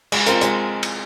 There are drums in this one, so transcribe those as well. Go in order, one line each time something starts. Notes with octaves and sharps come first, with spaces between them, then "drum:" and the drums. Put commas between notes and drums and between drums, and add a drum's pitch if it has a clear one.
G#3, drum: cymbal
C4 F4 A#4, drum: hi-hat
G#3, drum: hi-hat
drum: cymbal